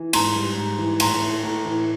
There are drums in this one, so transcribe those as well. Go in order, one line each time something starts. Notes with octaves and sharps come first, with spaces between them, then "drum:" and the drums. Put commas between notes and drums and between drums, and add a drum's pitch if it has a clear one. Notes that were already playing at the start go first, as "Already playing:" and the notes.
Already playing: E3
G#2 A#5 C6, drum: cymbal
G3
G#2
E3
A2 A#5 C6, drum: cymbal
A3
A2
E3